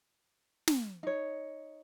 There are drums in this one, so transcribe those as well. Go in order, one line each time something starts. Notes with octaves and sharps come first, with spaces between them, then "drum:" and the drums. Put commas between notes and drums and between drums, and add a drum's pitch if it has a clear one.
drum: snare
D#4 C#5